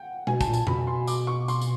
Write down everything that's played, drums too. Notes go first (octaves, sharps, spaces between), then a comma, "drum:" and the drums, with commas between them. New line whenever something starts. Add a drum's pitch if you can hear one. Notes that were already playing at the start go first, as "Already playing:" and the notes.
Already playing: F#5 G5
B2 G#5, drum: tom G#3
A5, drum: kick, tambourine
A#2
A5, drum: tambourine
B2 B5, drum: tom F2
C6
D6, drum: tambourine
C#6
C6, drum: tambourine
drum: tambourine